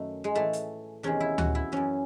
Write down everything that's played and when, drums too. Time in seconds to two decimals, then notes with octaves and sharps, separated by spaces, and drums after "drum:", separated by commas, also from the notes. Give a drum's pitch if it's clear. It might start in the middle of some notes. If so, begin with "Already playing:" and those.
Already playing: F#2 D#3 A3
0.24 G#3
0.35 A2 E3 A3
0.53 drum: hi-hat
1.03 E2 C3 D#3 C#4
1.20 E4
1.38 F#4, drum: tom D2
1.55 E4
1.72 F#2 E3 C#4